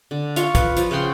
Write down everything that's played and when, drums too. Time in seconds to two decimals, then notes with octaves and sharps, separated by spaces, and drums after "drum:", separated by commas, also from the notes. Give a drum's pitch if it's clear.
0.11 D3
0.36 F4 F5 C#6, drum: hi-hat
0.55 B4, drum: kick, hi-hat
0.77 F3, drum: hi-hat
0.91 C#3 F#5 G5 C6